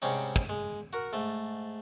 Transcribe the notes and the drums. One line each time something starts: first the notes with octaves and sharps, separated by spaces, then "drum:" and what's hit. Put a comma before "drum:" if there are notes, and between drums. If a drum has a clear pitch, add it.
G#2 C3 G3 C#4 D#4
drum: kick
G#3
F#4 A#4
G#2 A3